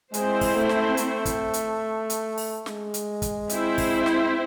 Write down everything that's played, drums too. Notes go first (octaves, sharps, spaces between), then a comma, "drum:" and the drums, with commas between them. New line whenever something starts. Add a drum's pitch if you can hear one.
G#3 C4 E4 C5, drum: hi-hat
drum: kick, open hi-hat
A3
drum: snare
A3, drum: hi-hat
drum: kick, hi-hat
drum: hi-hat
drum: hi-hat
drum: open hi-hat
G#3, drum: snare
drum: hi-hat
drum: kick, hi-hat
C4 E4 C5, drum: hi-hat
drum: kick, open hi-hat
drum: snare